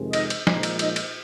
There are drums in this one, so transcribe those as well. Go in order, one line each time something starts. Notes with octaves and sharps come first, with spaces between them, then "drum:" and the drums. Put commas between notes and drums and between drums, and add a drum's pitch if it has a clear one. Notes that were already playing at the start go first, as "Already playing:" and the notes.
Already playing: F2 C3 D#3 G#3
D#4 D#5, drum: cymbal
drum: cymbal
A#2 F3 G#3 D#4, drum: snare
drum: cymbal
D#4 D#5, drum: cymbal
drum: cymbal